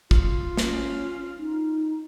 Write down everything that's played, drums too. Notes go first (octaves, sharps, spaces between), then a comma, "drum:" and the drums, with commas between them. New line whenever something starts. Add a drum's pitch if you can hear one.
F4, drum: kick
C#4, drum: snare
D#4